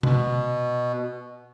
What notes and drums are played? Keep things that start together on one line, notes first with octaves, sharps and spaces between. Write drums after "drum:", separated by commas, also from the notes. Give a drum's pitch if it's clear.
B2, drum: tom C3